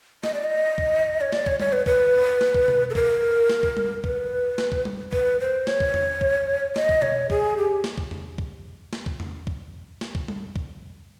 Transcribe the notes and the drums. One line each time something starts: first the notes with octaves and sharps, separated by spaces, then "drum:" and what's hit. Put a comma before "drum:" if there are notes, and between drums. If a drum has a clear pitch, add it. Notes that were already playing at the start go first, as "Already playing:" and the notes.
D#5, drum: snare
D5
D#5
drum: kick
C#5
D5, drum: snare
C#5, drum: kick
C#5, drum: tom G3
B4
B4, drum: kick
drum: snare
drum: kick
drum: tom B2
A4
A#4, drum: kick
drum: snare
drum: kick
drum: tom G3
B4, drum: kick
drum: snare
drum: kick
drum: tom G3
B4, drum: kick
C5
C#5, drum: snare
drum: kick
drum: tom E2
drum: kick
D#5, drum: snare
drum: kick
C#5, drum: tom B2
G#4, drum: kick
G4
drum: snare
drum: kick
drum: tom E2
drum: kick
drum: snare
drum: kick
drum: tom E2
drum: kick
drum: snare
drum: kick
drum: tom G3
drum: kick